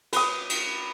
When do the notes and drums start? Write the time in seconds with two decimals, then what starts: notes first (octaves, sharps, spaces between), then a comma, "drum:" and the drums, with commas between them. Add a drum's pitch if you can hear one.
0.13 B4 D#6, drum: cymbal
0.50 drum: cymbal